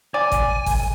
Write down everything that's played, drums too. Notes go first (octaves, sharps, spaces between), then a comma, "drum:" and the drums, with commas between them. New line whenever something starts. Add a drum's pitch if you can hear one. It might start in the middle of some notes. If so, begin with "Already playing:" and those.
D5 G#5
drum: kick, hi-hat
drum: kick, open hi-hat